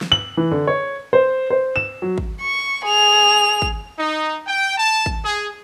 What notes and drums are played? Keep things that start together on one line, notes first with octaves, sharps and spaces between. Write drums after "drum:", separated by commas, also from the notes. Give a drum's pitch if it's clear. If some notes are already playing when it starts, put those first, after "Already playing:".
drum: snare
F#7
E3
D3
C#5
C5
C5
E7
F#3
drum: kick G#1
C#6
G#4 F7
drum: kick G#1
D#4
G5
A5
drum: kick G#1
G#4